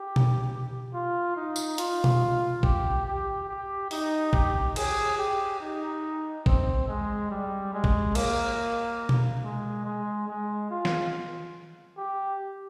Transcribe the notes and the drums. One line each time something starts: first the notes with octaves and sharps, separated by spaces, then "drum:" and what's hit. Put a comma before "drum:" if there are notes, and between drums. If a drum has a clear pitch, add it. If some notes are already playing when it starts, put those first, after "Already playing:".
Already playing: G4
drum: tom B2
F4
D#4
drum: tambourine
F4, drum: hi-hat
drum: tom B2
G4, drum: kick
G4
G4
D#4, drum: open hi-hat
G4, drum: kick
G#4, drum: cymbal
G4
D#4
C4, drum: kick
G#3
G3
G#3
drum: kick
A#3, drum: cymbal
drum: tom B2
G#3
G#3
G#3
F4
drum: snare
G4